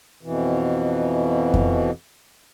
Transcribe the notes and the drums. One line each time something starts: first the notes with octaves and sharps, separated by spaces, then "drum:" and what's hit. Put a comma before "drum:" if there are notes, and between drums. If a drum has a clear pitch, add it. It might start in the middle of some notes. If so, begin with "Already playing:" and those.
F2 B2 E3
drum: kick F2